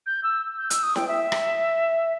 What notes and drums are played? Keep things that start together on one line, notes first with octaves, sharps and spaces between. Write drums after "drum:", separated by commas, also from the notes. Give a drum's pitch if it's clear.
G6
E6
G6
E6, drum: hi-hat
D#6
G5, drum: snare E4
E5
drum: rim click